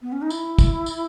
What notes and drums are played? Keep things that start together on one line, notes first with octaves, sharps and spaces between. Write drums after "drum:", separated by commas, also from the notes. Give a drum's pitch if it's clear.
B3
C#4
D#4
E4, drum: tambourine
drum: kick, tambourine
drum: tambourine